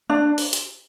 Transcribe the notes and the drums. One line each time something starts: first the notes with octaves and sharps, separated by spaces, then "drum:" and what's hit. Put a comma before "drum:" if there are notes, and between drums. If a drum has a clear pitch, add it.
D4
drum: open hi-hat
drum: hi-hat